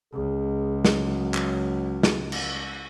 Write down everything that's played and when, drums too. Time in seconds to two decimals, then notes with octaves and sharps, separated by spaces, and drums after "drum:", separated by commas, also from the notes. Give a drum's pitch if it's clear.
0.13 C#2 G#4
0.85 F#3, drum: snare
1.34 drum: clap
2.03 drum: snare
2.32 drum: cymbal